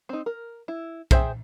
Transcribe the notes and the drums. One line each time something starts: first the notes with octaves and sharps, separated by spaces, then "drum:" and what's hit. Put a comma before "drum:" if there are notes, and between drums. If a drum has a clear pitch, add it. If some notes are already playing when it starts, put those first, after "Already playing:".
C4 D#4
A#4
E4
G#4 C5 E5 G5, drum: kick B1